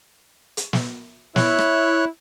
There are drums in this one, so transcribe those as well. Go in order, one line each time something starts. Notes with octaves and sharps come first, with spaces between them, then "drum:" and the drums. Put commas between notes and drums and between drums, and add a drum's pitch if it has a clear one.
drum: hi-hat
drum: snare
E4 C#5 F#6, drum: snare
drum: rim click